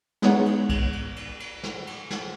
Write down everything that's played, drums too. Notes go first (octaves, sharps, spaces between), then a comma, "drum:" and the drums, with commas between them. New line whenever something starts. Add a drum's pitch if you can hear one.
G#3 B3 D#4 G#4 C#5 F#5, drum: snare
drum: cymbal
drum: kick B1, cymbal
drum: cymbal
drum: cymbal
drum: cymbal
drum: snare
drum: cymbal
drum: snare